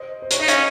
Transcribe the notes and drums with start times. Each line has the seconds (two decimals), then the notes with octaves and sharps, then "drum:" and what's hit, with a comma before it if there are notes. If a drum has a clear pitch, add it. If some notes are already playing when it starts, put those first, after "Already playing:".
Already playing: C5 D#5
0.22 C5
0.31 C#5, drum: hi-hat
0.39 D#4 D#5
0.48 C#4 C#5 F5, drum: hi-hat